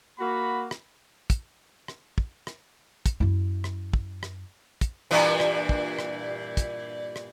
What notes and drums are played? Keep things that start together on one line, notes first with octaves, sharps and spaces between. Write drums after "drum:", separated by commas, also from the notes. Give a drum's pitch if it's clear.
A#3 F#4 B5
drum: rim click
drum: kick, hi-hat
drum: rim click
drum: kick
drum: rim click
drum: kick, hi-hat
F#2 E4
drum: rim click
drum: kick
drum: rim click
drum: kick, hi-hat
G2 A#2 E3
drum: rim click
drum: kick
drum: rim click
drum: kick, hi-hat
drum: rim click